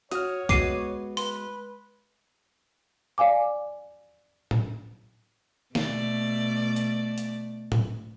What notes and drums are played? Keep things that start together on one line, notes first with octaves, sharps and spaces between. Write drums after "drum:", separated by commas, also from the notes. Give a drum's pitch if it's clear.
F#4 C#5 D#6 F6, drum: hi-hat
G#3 B3 F#4 D6 C7 D#7, drum: kick B1
B4 C6, drum: open hi-hat
D5 F5 G#5 D6
drum: tom A2
B2 A3 D5, drum: snare
drum: hi-hat
drum: hi-hat
drum: tom A2